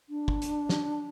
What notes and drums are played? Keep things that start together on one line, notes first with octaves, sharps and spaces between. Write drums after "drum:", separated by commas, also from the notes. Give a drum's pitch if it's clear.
D4
drum: kick
drum: hi-hat
drum: snare